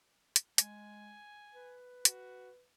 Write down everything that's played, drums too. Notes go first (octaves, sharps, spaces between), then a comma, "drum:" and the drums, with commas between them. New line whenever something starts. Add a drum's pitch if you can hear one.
drum: hi-hat
G#3 G#5, drum: hi-hat
B4
F#4, drum: hi-hat